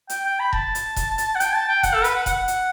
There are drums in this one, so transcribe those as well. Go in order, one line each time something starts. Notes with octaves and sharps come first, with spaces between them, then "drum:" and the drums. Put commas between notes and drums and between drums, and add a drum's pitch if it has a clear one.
G5, drum: hi-hat
G5
B5
A5, drum: kick E1
drum: hi-hat
drum: kick E1, hi-hat
drum: hi-hat
F#5
G5, drum: hi-hat
A5
G5
F#5, drum: kick E1, hi-hat
A4
B4, drum: hi-hat
F#5
F#5, drum: kick E1, hi-hat
drum: hi-hat